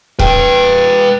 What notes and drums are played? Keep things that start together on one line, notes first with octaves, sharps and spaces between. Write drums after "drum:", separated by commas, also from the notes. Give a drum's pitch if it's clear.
B4 G5, drum: kick